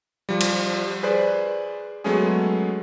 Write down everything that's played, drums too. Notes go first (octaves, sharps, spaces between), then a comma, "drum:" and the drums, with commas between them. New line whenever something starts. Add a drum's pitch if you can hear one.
F3 G3
drum: cymbal
G#4 B4 C5 D5
F#3 G#3 A3 B3 C#4 G#4